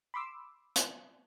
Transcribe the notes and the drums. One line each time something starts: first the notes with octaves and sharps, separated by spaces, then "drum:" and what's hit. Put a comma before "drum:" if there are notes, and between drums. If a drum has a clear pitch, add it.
B5 C6 D6 E6
drum: hi-hat